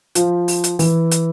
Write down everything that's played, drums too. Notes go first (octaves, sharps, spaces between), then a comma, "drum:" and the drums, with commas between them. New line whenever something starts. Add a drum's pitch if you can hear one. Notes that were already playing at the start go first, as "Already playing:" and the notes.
F3, drum: hi-hat
drum: open hi-hat
drum: hi-hat
E3, drum: open hi-hat
drum: hi-hat